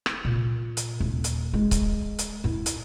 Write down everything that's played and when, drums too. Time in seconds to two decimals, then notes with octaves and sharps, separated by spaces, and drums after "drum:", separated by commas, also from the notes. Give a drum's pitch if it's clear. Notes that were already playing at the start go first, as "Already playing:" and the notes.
0.06 drum: rim click
0.25 A#2
0.77 drum: hi-hat
1.00 D#1
1.24 drum: hi-hat
1.53 G#3
1.71 drum: kick C#1, hi-hat
2.19 drum: hi-hat
2.44 D#4 E4
2.66 drum: hi-hat